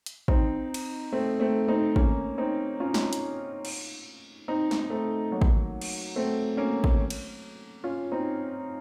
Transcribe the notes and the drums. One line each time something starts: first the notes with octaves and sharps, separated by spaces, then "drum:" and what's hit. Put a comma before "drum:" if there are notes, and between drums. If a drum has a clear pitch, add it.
drum: hi-hat
C4 D#4, drum: kick
drum: cymbal
A3 C4
A3 C4
C4 D#4
A#3 C#4, drum: kick
C4 D#4
C#4 F4
drum: snare
drum: hi-hat
drum: cymbal
C4 D#4
drum: snare
A3 C4
F#3 A#3
drum: kick
drum: cymbal
A3 C4
A#3 C#4
drum: kick
drum: cymbal
C#4 F4
C4 D#4